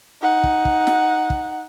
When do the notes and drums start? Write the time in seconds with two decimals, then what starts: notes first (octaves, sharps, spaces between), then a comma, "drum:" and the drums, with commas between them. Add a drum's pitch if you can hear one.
0.22 D#4 F#5
0.44 drum: kick
0.65 drum: kick
0.87 drum: snare
1.30 drum: kick